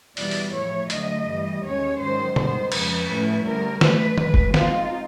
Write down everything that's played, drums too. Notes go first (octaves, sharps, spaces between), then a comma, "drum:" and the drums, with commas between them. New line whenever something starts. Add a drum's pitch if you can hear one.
E2 B2 G3 B3 E4 D5, drum: open hi-hat
drum: open hi-hat
A2 F3 A3 C#5
D2 D3 F#3 A3 D#5, drum: hi-hat
G2 E3 G3
D#2 D#3 G#3 C#4 C#5
G#2 D#3 F#3 C5
G2 D#3 G#3 B3 C5, drum: tom B2
F2 C#3 F3 G#3 B4, drum: cymbal
A2 F3 A3 C#4 E4
D2 D3 G3 A#4
G#2 E3 A3 D4 B4, drum: snare
A2 F3 G#3, drum: tom D#3
drum: kick
B2 G#3 C4 D#4 F4, drum: snare